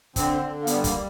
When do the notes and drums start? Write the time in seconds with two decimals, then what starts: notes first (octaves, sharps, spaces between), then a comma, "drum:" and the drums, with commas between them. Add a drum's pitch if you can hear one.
0.16 D3 C4, drum: kick, hi-hat
0.41 D3
0.63 A#3
0.67 G3 B3, drum: hi-hat
0.84 A#3, drum: kick, hi-hat
0.93 G3